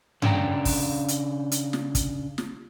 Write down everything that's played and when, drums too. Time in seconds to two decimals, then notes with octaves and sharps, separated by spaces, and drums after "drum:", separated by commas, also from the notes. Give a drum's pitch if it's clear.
0.22 C#3 D4 A#4 E5 G5 A#5, drum: tom G2
0.65 drum: kick, open hi-hat
1.08 drum: hi-hat
1.52 drum: hi-hat
1.73 drum: snare
1.95 drum: kick, hi-hat
2.38 drum: snare